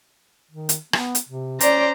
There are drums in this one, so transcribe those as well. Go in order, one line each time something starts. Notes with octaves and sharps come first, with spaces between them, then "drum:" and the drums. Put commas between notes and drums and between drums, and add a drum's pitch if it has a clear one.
D#3
drum: hi-hat
B3, drum: rim click
drum: hi-hat
C3
C#4 C5 D5 A#5, drum: hi-hat